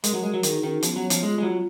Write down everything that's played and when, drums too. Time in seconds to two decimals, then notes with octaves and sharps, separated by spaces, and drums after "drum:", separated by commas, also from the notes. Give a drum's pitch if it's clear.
0.04 G#3 A#4, drum: hi-hat
0.13 F#3
0.23 G#3 F#4
0.34 F#3
0.43 D#3 G#4, drum: hi-hat
0.63 D#3 C#4
0.83 F3 B3, drum: hi-hat
0.96 F#3
1.03 C#5
1.10 F3, drum: hi-hat
1.23 G#3 F4
1.38 G#3
1.43 F#3 F4